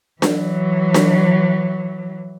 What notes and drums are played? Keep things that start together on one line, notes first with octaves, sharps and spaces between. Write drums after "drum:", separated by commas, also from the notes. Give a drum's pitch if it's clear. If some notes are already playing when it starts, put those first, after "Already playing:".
E3 F#3, drum: snare D4
drum: snare D4